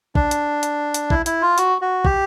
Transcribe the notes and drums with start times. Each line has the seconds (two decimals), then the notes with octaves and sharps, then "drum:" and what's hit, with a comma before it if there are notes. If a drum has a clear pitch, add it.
0.15 D4, drum: kick
0.31 drum: hi-hat
0.63 drum: hi-hat
0.94 drum: hi-hat
1.10 E4, drum: kick
1.26 E4, drum: hi-hat
1.42 F4
1.58 F#4, drum: hi-hat
1.82 F#4
2.05 G4, drum: kick